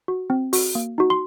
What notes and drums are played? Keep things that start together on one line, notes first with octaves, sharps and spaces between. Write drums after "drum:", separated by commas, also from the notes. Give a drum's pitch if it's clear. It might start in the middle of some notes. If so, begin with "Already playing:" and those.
F#4
C4
F#4, drum: open hi-hat
A#3
D#4 F#4
C6